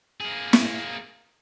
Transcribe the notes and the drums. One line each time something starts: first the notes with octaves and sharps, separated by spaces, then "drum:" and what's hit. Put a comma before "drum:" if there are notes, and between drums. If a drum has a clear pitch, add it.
A#3 G#4
drum: snare